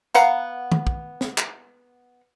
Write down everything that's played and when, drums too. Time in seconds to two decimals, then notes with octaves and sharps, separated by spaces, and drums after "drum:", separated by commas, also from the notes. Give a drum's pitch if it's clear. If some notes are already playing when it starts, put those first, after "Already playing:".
0.15 B3 F5 F#5 A#5, drum: tambourine
0.72 drum: tom
0.87 drum: kick
1.21 drum: snare
1.38 drum: clap